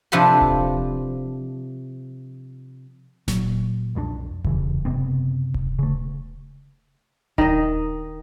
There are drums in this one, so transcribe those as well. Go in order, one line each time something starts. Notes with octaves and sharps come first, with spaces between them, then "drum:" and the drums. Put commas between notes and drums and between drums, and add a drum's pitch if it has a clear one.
C3 F3 D4 A4 B4 C6
drum: kick D#1
A#2 F#3, drum: snare D1
B1 F2 F#3 D4
E2 C#3 E3, drum: kick D#1
F#1 C3 B3 C4
drum: kick D#1
C#3 A3
D#3 D#5, drum: kick D#1